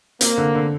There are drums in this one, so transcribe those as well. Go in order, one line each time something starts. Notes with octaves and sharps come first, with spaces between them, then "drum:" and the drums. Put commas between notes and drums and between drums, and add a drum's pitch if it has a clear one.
A#3 C4, drum: hi-hat
D3
D3